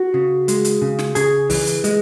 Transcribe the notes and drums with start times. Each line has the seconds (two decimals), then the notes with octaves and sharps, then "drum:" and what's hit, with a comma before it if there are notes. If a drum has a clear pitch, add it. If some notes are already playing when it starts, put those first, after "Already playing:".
Already playing: F#4
0.14 C#3
0.48 G#3, drum: hi-hat
0.64 drum: hi-hat
0.82 C#3
0.99 drum: snare
1.15 C#3 G#4, drum: hi-hat
1.50 E3, drum: kick, open hi-hat
1.67 drum: hi-hat
1.84 G#3, drum: hi-hat